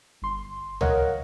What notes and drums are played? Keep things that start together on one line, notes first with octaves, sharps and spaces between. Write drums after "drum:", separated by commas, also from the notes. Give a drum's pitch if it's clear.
G1 C6
A#4 C#5 D#5 F5 F#5, drum: tom C#2